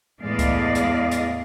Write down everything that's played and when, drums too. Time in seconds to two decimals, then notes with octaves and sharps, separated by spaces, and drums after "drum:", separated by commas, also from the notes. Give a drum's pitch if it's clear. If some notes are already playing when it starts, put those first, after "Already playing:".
0.21 E2 A2 G#3 D5 D#5 F5
0.39 drum: kick C2, hi-hat
0.75 drum: hi-hat
1.12 drum: hi-hat